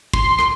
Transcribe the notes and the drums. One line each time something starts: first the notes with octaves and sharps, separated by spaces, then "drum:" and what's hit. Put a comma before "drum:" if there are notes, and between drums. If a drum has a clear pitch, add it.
C6, drum: kick
drum: rim click